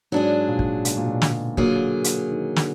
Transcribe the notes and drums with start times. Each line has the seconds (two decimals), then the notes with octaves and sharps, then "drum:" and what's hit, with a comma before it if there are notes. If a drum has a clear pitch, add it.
0.12 G#2 F#3 D4 G#4
0.48 A#2
0.59 drum: kick
0.85 B2, drum: hi-hat
0.97 A#2
1.09 B2
1.22 D3, drum: snare
1.57 D3 F#3 A#3 F4 G#4, drum: kick
2.04 drum: hi-hat
2.31 D#3
2.56 D3, drum: snare